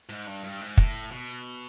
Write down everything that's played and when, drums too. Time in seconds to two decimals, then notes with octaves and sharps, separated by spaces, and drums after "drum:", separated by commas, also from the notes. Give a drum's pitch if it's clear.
0.09 G#2
0.26 G2
0.44 G2
0.61 G#2
0.77 A2, drum: kick
1.12 B2